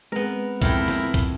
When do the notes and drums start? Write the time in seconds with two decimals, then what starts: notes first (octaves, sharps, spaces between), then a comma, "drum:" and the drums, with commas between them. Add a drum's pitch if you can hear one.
0.12 G#3 B3 C4 A#4 B4
0.62 F2 E4 A#4 G5, drum: kick, hi-hat
0.88 drum: snare
1.14 drum: kick, hi-hat